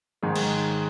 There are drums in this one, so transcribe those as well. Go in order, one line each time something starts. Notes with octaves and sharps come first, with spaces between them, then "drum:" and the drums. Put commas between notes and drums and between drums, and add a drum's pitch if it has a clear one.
G#2 D#3 G#3
drum: cymbal